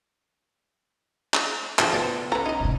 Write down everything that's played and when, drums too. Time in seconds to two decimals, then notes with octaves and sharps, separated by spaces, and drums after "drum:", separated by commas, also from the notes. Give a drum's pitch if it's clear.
1.34 drum: clap
1.79 F3 D4 G#4 A4 D6, drum: clap
1.92 B3 F4 G4 A4 C5 D5
2.32 C#4 A4 B4 C#5 A#5
2.46 D#4 D#5
2.60 A2 C3